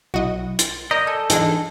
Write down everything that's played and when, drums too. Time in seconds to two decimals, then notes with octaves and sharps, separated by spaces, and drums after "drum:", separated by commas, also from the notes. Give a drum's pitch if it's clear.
0.14 B1 F#3 E4 F#4 D#5
0.59 C6 A6, drum: hi-hat
0.91 A#4 D5 D#5 G6
1.07 A4 G#5
1.30 G#2 E3 G#3 D4 D#4 G#4, drum: hi-hat